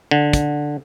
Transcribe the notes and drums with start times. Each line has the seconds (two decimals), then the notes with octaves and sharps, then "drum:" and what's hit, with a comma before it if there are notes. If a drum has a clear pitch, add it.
0.11 D3
0.33 drum: kick, hi-hat